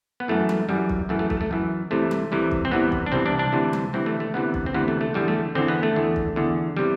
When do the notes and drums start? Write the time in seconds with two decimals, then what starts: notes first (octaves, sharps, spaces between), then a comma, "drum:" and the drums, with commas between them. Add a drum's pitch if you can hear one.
0.20 B3
0.28 F#2 E3 A3
0.49 drum: tom G3
0.69 F#2 E3 G3
0.89 drum: kick
1.09 F#2 E3 A3
1.19 A3
1.30 A3, drum: kick
1.41 A3
1.51 F#2 E3
1.91 C2 C3 E3 A3
2.11 drum: tom G3
2.32 C2 C3 E3
2.52 drum: kick
2.65 C4
2.71 C2 C3 E3 B3
2.92 drum: kick
3.06 D4
3.12 C2 C3 E3 C4
3.26 D4
3.39 D4
3.52 D2 C3 E3
3.73 drum: tom G3
3.93 D2 C3 E3 C4
4.06 A3
4.20 A3
4.34 D2 C3 E3 B3
4.54 drum: kick
4.66 C4
4.74 D2 C3 E3 B3
4.88 A3
5.01 A3
5.14 E2 D3 G3
5.28 A3
5.55 E2 D3 C4
5.68 B3
5.83 A3
5.96 E2 D3
6.16 drum: kick
6.36 E2 D3
6.77 C3 E3 G3